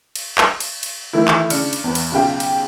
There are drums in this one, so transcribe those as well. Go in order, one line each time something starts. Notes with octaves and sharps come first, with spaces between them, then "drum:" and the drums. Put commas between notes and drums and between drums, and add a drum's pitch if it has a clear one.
drum: cymbal
drum: clap
drum: cymbal
drum: cymbal
D#3 E3 A3 E4
drum: clap
C#3 D4 F6 C#7, drum: cymbal
drum: cymbal
E2 B4
drum: cymbal
B1 C#3 F4 G4 F5
drum: cymbal